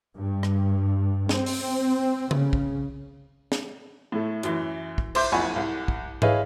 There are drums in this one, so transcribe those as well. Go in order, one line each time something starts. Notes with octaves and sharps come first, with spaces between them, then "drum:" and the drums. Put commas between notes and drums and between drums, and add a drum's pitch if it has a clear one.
G2
drum: rim click
C4, drum: snare
drum: open hi-hat
C#3, drum: tom C#3
drum: kick
drum: snare
A2 A3
F#2 E3, drum: hi-hat
drum: kick
C5 E5 C6 D6 G6, drum: cymbal
F#1 F2 F#5 G#5 B5 C#6
C2
drum: kick
E4 G#4 B4 C#5 D#5 F5, drum: tom G#2